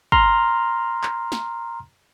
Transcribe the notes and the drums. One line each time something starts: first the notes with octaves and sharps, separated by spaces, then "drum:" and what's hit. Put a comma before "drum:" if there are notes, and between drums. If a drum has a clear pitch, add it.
A#5 C6 F6, drum: kick
drum: clap
drum: snare